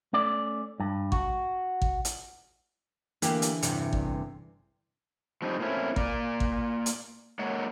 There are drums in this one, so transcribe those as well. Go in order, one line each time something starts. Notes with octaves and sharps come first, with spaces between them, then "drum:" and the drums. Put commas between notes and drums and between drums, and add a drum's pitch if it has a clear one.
A3 C#4 D5
G2
F#4, drum: kick
drum: kick
drum: hi-hat
D3 E3 A#3 G4, drum: hi-hat
drum: hi-hat
E2 G2 C3, drum: hi-hat
drum: kick
F3 G3 C4 D#4
A2 A#3 C4 C#4 E4
A#3 D5, drum: kick
drum: kick
drum: hi-hat
G#3 A#3 C#5 F#5